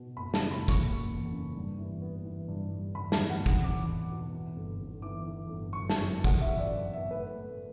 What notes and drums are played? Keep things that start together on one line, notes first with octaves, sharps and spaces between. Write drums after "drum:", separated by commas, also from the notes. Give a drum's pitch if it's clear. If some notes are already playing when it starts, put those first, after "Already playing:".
Already playing: B2
F#1 B5
A5, drum: snare
C#3
B5
F#1
C#6, drum: kick
F#1
E2
C#3
G2
E3
B3
E3
G2
G2
E2 B5
A5, drum: snare
E2
F#5
E2
F#5, drum: kick
E2 D6
E2
B2
E3
G1
G1
E3 D6
E3
G1
F#2 C#6
A5, drum: snare
F#2
B3
F#5, drum: kick
E3 E5
D5
F#2
B3 E5
A3 B4
A3